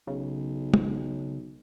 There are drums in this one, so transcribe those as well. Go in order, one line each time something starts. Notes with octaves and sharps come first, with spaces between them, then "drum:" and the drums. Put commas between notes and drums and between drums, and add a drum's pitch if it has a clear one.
B1 C#3
drum: tom